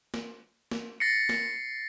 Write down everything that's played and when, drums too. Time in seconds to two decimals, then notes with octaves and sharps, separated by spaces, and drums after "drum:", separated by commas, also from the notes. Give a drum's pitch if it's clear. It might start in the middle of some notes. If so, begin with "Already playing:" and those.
0.14 drum: snare
0.71 drum: snare
1.00 A6 A#6 C7 C#7
1.29 drum: snare